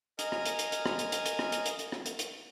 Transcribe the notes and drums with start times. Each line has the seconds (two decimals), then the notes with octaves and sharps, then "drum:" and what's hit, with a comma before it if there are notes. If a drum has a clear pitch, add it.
0.19 A#4 D#5 G#5 F6, drum: hi-hat
0.32 drum: rim click
0.46 drum: hi-hat
0.59 drum: hi-hat
0.72 drum: hi-hat
0.86 drum: rim click
0.99 drum: hi-hat
1.12 drum: hi-hat
1.26 drum: hi-hat
1.39 drum: rim click
1.52 drum: hi-hat
1.66 drum: hi-hat
1.79 drum: hi-hat
1.92 drum: rim click
2.06 drum: hi-hat
2.19 drum: hi-hat